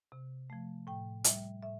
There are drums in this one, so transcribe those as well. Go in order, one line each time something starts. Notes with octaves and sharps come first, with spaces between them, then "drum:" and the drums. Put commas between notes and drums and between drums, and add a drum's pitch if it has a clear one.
C3
F3 A3
A2 G5
G3 E5, drum: hi-hat
A2 E5